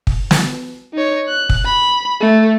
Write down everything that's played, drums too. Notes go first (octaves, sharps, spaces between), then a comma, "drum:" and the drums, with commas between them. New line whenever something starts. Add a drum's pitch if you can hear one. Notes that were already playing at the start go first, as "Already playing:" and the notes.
drum: kick
drum: snare
D#4 C#5
F#6
drum: kick
B5
A3